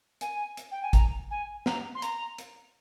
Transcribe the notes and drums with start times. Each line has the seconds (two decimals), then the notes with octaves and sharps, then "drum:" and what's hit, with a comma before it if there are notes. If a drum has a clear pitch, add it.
0.21 G#5, drum: hi-hat
0.57 drum: hi-hat
0.71 G5
0.82 G#5
0.93 A#5, drum: kick, hi-hat
1.30 G#5
1.66 A#5, drum: snare
1.95 C6
2.02 A#5, drum: hi-hat
2.39 drum: hi-hat